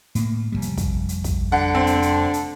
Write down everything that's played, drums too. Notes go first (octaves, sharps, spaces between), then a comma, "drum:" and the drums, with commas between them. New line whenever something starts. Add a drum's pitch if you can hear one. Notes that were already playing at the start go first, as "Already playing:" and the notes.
A2 A#3, drum: hi-hat
F1 D#2 G3
drum: hi-hat
drum: kick, hi-hat
drum: hi-hat
drum: kick, hi-hat
D3 F#5
C4
drum: hi-hat
drum: hi-hat
drum: hi-hat